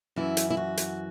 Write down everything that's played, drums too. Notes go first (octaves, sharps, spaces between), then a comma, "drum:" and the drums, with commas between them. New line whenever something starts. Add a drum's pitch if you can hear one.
F#2 E3 E4
drum: hi-hat
E4
F#4
drum: hi-hat